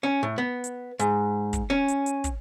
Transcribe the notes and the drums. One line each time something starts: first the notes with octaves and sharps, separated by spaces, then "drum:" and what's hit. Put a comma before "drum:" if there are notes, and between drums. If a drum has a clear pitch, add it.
C#4
A2
B3
drum: hi-hat
G#2, drum: hi-hat
drum: kick, hi-hat
C#4
drum: hi-hat
drum: hi-hat
drum: kick, hi-hat